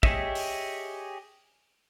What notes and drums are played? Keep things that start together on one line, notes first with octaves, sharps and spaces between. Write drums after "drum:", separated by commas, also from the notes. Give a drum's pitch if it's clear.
G4 G#4 C#5 D#5 E5, drum: kick
drum: open hi-hat